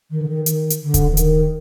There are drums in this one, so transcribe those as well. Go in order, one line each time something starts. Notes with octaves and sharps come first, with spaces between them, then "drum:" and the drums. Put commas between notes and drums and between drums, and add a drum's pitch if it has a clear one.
D#3
D3
D#3
D#3, drum: hi-hat
drum: hi-hat
D3
drum: kick D1, hi-hat
E3
D#3, drum: hi-hat